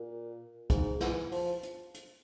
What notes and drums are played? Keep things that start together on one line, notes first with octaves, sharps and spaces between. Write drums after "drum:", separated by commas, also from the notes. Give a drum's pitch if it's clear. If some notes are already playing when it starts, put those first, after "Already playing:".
Already playing: A#2
G#2, drum: kick, hi-hat
E3, drum: snare
F3, drum: open hi-hat
drum: hi-hat
drum: hi-hat